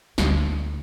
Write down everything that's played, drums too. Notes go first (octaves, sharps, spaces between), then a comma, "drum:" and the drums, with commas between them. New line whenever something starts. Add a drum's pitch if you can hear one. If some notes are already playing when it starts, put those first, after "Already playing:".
D2, drum: snare